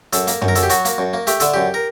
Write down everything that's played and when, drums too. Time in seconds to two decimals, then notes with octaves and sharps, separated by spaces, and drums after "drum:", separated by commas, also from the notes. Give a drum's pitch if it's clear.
0.13 F#2 A4, drum: hi-hat
0.27 A#3, drum: hi-hat
0.42 F#2, drum: tom
0.48 A#4
0.55 F#2 A4, drum: hi-hat
0.63 G4
0.70 F#3 F#4, drum: hi-hat
0.85 A#3, drum: hi-hat
0.98 F#2
1.14 A#3
1.27 A3 G4, drum: hi-hat
1.40 D3 A4, drum: hi-hat
1.54 F#2 G4
1.74 A#4